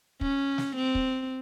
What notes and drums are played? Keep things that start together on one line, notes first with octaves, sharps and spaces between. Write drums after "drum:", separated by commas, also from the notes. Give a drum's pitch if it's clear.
C#4, drum: kick
drum: snare
C4
drum: kick